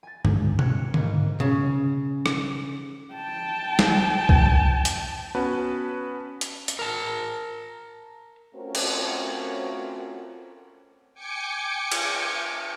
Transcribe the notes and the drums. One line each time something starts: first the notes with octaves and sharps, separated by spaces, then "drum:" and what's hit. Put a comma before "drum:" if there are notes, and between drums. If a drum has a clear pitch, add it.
G#5 A6
drum: tom
F#6 G#6 C#7, drum: tom B2
G#2 A#3, drum: tom D3
C#3, drum: tom B2
drum: rim click
G5 A5
drum: snare
drum: kick C2
drum: hi-hat
B3 C#4 F#4 B4 A5
drum: hi-hat
drum: hi-hat
A#4 A5
A3 C4 C#4 F4 F#4 A#4
drum: cymbal
G5 G#5 D6 C#7
drum: cymbal